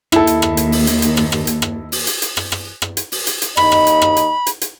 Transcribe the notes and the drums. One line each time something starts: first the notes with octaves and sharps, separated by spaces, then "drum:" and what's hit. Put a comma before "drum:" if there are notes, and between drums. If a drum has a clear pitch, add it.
D#2 E4 A4, drum: rim click
drum: hi-hat
drum: rim click
drum: hi-hat
drum: open hi-hat
drum: hi-hat
drum: hi-hat
drum: rim click
drum: rim click
drum: hi-hat
drum: rim click
drum: open hi-hat
drum: hi-hat
drum: hi-hat
drum: rim click
drum: rim click
drum: rim click
drum: hi-hat
drum: open hi-hat
drum: hi-hat
drum: hi-hat
D#2 D#4 D#5 B5, drum: rim click
drum: rim click
drum: hi-hat
drum: rim click
drum: hi-hat
drum: hi-hat
drum: hi-hat